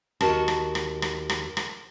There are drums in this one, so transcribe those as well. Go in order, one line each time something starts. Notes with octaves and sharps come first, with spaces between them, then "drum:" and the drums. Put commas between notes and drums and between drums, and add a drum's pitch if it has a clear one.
D#2 G3 F#4 A#4 D#5 A5, drum: rim click
drum: rim click
drum: rim click
drum: rim click
drum: rim click
drum: rim click